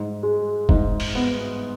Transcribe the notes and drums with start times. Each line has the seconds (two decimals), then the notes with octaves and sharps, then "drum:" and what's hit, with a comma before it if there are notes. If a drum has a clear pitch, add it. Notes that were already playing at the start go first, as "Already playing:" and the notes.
Already playing: G#2
0.23 G#3
0.69 G#2, drum: kick
1.00 drum: open hi-hat
1.15 B3